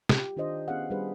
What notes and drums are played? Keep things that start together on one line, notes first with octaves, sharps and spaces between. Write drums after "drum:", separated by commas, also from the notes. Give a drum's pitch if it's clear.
F4 G4, drum: snare
D#3 D4 F4 C5 D#5
B3 C#4 G#4 F5 F#5
G3 D4 F#4 G#4 B4 C5